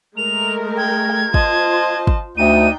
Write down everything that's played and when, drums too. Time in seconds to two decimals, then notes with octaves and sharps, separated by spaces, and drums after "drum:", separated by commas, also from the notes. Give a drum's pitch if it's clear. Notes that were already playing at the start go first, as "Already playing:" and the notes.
0.17 G#3 A3 A#4 F7
0.77 G5 G#6
1.34 F4 C5 D#5 A5, drum: kick
2.07 drum: kick
2.37 D2 D4 D#4 G5 D#7